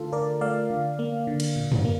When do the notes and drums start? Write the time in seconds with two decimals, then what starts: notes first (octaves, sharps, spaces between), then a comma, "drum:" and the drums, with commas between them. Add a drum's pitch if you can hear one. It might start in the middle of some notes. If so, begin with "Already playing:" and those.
Already playing: D3 A3 F4 A4
0.12 D3 A#4 D5
0.41 A3 D5 F5
0.70 D3
0.99 A#3
1.27 D3
1.40 drum: cymbal
1.56 A#2
1.72 drum: tom
1.85 A#3